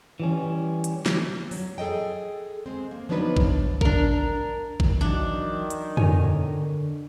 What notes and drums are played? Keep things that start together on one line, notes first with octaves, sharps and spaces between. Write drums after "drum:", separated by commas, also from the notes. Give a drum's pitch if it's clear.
E3 G3 C#4
drum: hi-hat
drum: snare
F#3, drum: open hi-hat
G#4 A4 D5 D#5 G5
G#3 C4
A#3
F3 F#3 B3 D4 D#4 B4
drum: kick A1
D4 A#4, drum: kick A1
drum: kick A1
D#3 E3 F#3 D4
drum: hi-hat
D3 A#4 C#5 G#5, drum: tom